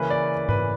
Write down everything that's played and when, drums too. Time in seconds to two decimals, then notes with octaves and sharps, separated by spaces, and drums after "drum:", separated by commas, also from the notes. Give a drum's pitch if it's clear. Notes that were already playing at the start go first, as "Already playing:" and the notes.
Already playing: C#3 E3 A#3 C#4 E4 B4
0.10 D5
0.49 B4, drum: tom G#2